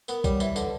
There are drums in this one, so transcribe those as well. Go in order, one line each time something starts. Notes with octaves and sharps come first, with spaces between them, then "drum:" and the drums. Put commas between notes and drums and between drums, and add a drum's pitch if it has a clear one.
B3 A#4, drum: tambourine
G3 C#5, drum: kick B1, tambourine
E3 E5, drum: tambourine
D3 B4, drum: tambourine